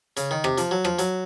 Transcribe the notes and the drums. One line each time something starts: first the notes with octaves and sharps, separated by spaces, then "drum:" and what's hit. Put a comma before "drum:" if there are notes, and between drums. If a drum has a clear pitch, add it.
C#3, drum: hi-hat
D#3
C3, drum: rim click
F3, drum: hi-hat
F#3
F3, drum: rim click
F#3, drum: hi-hat